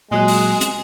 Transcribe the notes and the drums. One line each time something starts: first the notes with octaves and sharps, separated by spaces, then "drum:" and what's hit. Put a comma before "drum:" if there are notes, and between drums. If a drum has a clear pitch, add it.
A#2 F#3 G#3 G#5 F#6
drum: open hi-hat
drum: hi-hat